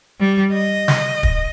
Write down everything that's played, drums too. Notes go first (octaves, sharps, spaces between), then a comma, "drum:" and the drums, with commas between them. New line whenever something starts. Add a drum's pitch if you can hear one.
G3
D#5
drum: snare
drum: kick